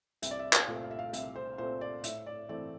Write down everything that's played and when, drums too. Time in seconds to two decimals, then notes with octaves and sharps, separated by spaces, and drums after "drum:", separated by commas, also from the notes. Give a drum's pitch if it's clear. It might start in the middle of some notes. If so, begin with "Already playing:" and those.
0.22 C2 E5, drum: hi-hat
0.31 D5
0.39 E5
0.53 F5, drum: clap
0.68 A#2 A3 C4
0.83 F5
0.91 E5
0.99 F5
1.13 C2 E5, drum: hi-hat
1.36 C5
1.58 A#2 A3 C4 C5
1.81 D5
2.03 A2 E5, drum: hi-hat
2.26 D5
2.49 E3 A3 C4 D5